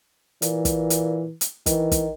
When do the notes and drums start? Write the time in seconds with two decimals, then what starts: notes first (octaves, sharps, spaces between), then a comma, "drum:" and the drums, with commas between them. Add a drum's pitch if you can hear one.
0.42 A#2 E3, drum: hi-hat
0.65 drum: kick, hi-hat
0.90 drum: hi-hat
1.41 drum: hi-hat
1.66 D#3 E3, drum: kick, hi-hat
1.92 drum: kick, hi-hat